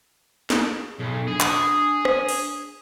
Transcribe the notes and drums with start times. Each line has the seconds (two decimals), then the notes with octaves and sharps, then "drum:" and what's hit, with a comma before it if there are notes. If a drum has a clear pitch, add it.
0.50 G#4, drum: snare
0.99 B1 A4
1.28 D4 G#4
1.40 drum: clap
2.05 drum: rim click
2.29 drum: open hi-hat